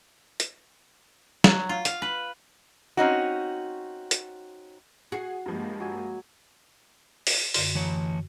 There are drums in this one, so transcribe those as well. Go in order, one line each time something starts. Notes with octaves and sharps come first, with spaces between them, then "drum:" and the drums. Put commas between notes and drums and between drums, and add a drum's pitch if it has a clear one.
drum: hi-hat
F#3, drum: snare
F4
F5, drum: hi-hat
B4
C4 C#4 D#4 F#4
drum: hi-hat
F#4 G#4 C7
G2 F3 G#3 A#3
F#3 G#5
drum: open hi-hat
F#2 D3 C6, drum: open hi-hat
E3 C#5